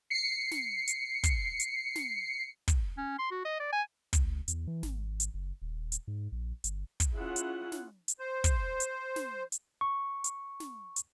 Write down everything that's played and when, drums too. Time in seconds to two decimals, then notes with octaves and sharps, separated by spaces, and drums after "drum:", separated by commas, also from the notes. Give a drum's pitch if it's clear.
0.10 C7 C#7
0.51 drum: snare
0.87 drum: hi-hat
1.23 drum: kick, hi-hat
1.60 drum: hi-hat
1.96 drum: snare
2.68 drum: kick, hi-hat
2.97 C#4
3.19 C6
3.31 F#4
3.45 D#5
3.60 D5
3.73 G#5
4.13 C#2, drum: kick, hi-hat
4.30 C#2
4.48 E2, drum: hi-hat
4.67 E3
4.83 G#1, drum: snare
5.20 drum: hi-hat
5.34 F#1
5.62 D#1
5.92 drum: hi-hat
6.08 G#2
6.32 A#1
6.64 G1, drum: hi-hat
7.00 drum: kick, hi-hat
7.15 C#4 E4 F4 G#4 F#5
7.36 drum: hi-hat
7.72 drum: snare
8.08 drum: hi-hat
8.19 C5
8.44 drum: kick, hi-hat
8.80 drum: hi-hat
9.16 drum: snare
9.52 drum: hi-hat
9.81 C#6
10.24 drum: hi-hat
10.60 drum: snare
10.96 drum: hi-hat